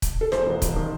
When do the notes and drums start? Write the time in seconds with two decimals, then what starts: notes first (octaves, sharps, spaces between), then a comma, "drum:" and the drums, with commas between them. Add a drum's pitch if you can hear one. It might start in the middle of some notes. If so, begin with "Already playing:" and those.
0.02 drum: kick, hi-hat
0.21 A4
0.32 E2 C5, drum: snare
0.46 E1
0.62 E1, drum: kick, hi-hat
0.76 D#3